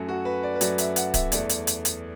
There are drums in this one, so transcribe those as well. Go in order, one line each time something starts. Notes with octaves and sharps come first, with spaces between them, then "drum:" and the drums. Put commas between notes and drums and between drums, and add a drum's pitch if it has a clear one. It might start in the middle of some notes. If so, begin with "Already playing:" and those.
Already playing: F#2 F#3 A3
F#4
B4
D5
B4
F#2 F#3 A3 D5, drum: hi-hat
E5, drum: hi-hat
F#5, drum: hi-hat
E5, drum: kick D1, hi-hat
E2 E3 A3 D5, drum: hi-hat
drum: hi-hat
drum: hi-hat
drum: hi-hat